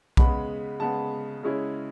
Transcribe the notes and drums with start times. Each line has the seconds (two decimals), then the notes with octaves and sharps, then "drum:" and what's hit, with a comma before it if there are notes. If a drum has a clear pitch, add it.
0.17 C#3 G#3 B3 B5, drum: kick B1
0.80 C#3 G#3 B3 A5
1.43 C#3 G#3 C#4 E4